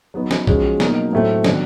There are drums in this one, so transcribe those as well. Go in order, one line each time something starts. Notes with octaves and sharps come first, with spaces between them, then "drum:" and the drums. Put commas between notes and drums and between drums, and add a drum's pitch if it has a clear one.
F#3 B3 D#4 F#4
drum: snare
F3 G#3 C#4 F#4, drum: kick B1
B2 F#3 A#3 D#4, drum: snare
A2 F#3 A3 C4
D#3 F#3 B3 D4, drum: snare